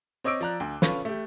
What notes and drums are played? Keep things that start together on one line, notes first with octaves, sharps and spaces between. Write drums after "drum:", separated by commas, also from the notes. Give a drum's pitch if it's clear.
C4 C#5 D#5 D6 E6 D7
F3 D5 A#5 F#6
D2
C#4 F4 A4 B4 C#5, drum: snare
A3 G4